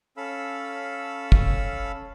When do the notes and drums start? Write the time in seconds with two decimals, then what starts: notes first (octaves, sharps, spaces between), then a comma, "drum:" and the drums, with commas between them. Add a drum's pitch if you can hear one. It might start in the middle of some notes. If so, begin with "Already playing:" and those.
0.17 C#4 A4 F5 B5 E6
1.32 drum: kick